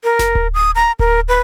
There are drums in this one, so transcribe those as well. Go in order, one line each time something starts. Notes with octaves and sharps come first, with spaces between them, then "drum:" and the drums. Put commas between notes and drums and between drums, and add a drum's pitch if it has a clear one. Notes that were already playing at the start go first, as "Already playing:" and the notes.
A#4
drum: snare F1
drum: kick D1
D#6
A#5
A#4, drum: kick D1
B4